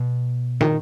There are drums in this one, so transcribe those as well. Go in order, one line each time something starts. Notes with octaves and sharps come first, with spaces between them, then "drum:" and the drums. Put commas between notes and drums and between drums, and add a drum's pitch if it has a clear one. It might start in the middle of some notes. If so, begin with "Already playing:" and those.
Already playing: B2
D#3, drum: tom